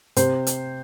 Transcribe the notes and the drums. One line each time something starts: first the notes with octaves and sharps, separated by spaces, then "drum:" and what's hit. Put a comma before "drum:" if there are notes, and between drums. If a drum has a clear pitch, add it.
C3 C5, drum: hi-hat
drum: hi-hat